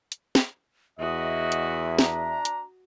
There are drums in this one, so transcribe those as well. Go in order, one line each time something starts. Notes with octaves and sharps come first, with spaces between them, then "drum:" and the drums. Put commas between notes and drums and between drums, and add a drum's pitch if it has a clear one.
drum: hi-hat
drum: snare
E2 F#4 D#5 E5 D#6
drum: hi-hat
D4 A#5, drum: snare
drum: hi-hat